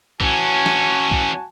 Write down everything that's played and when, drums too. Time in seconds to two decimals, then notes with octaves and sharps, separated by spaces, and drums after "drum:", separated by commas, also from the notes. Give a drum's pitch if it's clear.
0.20 E3 C#4 F#4 G#5 A5, drum: kick B1
0.66 drum: snare
1.11 drum: kick B1